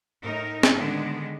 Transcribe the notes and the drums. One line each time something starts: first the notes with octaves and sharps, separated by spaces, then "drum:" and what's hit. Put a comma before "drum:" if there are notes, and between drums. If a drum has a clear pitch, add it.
A2 D#4 A#4
drum: snare
D3 D#3 G#3 B3 D4